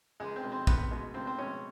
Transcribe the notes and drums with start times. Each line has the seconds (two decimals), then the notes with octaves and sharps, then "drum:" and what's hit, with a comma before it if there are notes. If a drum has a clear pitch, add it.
0.20 C#2 G#3 G#4
0.36 C4 C5
0.44 B2 G#3
0.52 C4 C5
0.67 C#2 B3 B4, drum: kick
0.91 B2 G#3
1.14 C#2 C4 C5
1.27 C4 C5
1.38 B2 G#3 C#4 C#5